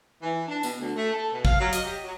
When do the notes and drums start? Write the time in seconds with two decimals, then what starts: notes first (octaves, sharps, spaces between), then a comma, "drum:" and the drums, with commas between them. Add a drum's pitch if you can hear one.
0.22 E3
0.48 D4
0.63 B2, drum: tambourine
0.79 D2
0.95 A3
1.12 A4
1.31 B2
1.45 F5, drum: kick
1.60 F#3
1.73 D#5, drum: hi-hat
1.84 G4
2.03 F#3